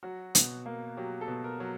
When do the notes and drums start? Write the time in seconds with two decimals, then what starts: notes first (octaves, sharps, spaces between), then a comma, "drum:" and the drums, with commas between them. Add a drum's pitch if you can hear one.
0.03 F#3 F#4
0.35 B2, drum: hi-hat
0.66 A#3
0.97 F#3 G4
1.21 A4
1.28 B2
1.44 A#4
1.60 F#3